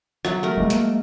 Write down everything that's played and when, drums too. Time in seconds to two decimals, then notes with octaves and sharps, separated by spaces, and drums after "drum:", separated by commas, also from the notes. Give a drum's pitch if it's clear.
0.25 F#3, drum: rim click
0.43 A3 A#4
0.57 G#3 A#3
0.70 drum: hi-hat